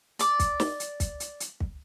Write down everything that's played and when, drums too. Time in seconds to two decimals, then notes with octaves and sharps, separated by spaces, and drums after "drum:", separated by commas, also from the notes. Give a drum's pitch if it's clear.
0.19 D5 D6, drum: hi-hat
0.39 drum: kick, hi-hat
0.60 drum: snare
0.80 drum: hi-hat
1.00 drum: kick, hi-hat
1.20 drum: hi-hat
1.40 drum: hi-hat
1.60 drum: kick